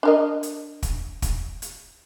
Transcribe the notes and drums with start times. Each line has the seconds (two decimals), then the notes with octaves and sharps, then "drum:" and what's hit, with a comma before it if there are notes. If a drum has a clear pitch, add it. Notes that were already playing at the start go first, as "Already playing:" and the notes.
0.03 D4 A#4 D#5
0.43 drum: hi-hat
0.83 drum: kick, hi-hat
1.22 drum: kick, hi-hat
1.62 drum: hi-hat